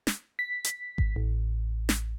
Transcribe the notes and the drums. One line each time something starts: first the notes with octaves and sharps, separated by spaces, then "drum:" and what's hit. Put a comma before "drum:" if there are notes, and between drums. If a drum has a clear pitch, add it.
drum: snare
B6
drum: hi-hat
drum: kick G#1
A1
drum: snare